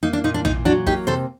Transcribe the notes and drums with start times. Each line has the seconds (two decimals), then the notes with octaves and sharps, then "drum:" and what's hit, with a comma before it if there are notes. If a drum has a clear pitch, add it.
0.03 A#3 D#4
0.13 D4
0.24 A#2 D#4
0.34 D4
0.45 A#2 D#4, drum: tom A#1
0.65 F#3 D4 F#4
0.86 A#3 D#4 G4, drum: kick
1.07 C3 A4 C5